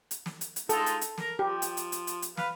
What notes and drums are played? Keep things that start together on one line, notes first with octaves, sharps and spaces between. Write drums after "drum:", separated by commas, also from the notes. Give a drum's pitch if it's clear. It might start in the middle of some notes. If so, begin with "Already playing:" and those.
drum: hi-hat
drum: snare
drum: hi-hat
drum: hi-hat
G#3 D#4 F4 A4, drum: hi-hat
drum: hi-hat
drum: hi-hat
A#4, drum: snare
F3 G4
drum: hi-hat
drum: hi-hat
drum: hi-hat
drum: hi-hat
drum: hi-hat
B4 F5, drum: snare